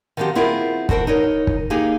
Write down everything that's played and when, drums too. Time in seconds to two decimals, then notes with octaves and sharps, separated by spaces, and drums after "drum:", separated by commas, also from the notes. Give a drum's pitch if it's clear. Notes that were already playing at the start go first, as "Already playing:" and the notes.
0.17 D#3 F3 F#3 C4 G4
0.35 B3 C4 E4 F4 G#4 A#4
0.89 F#4 A4 A#4 C5 G5, drum: kick
1.07 D#4 A#4 C#5
1.47 drum: kick
1.70 A#3 D#4 G4 G#4